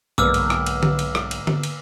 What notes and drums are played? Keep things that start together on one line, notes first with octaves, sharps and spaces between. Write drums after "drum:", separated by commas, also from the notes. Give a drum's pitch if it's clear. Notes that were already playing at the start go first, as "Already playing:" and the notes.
B1 G#2 D3 A#3 B4 D6 E6 F6, drum: tom G2
drum: cymbal
drum: rim click
drum: cymbal
drum: tom D3
drum: cymbal
drum: rim click
drum: cymbal
drum: tom D3
drum: cymbal